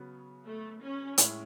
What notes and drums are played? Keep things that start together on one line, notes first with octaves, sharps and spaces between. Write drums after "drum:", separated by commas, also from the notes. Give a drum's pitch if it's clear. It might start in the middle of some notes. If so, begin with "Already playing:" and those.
Already playing: C#3 F#3 B3
A3
C#4
A2 G#3 C#4 E4, drum: hi-hat